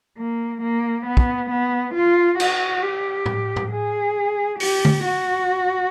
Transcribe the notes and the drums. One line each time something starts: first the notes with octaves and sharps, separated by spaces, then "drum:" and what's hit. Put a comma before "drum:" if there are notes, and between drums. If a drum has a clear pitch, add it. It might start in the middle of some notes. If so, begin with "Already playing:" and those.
A#3
A#3
B3
drum: kick
B3
F4
F#4, drum: cymbal
G4
drum: tom A2
drum: tom A2
G#4
G4, drum: open hi-hat
drum: tom D3
F#4